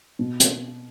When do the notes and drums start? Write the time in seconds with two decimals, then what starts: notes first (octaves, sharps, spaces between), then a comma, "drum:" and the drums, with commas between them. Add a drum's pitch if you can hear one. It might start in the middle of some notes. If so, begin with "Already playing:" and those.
0.19 B2
0.40 drum: hi-hat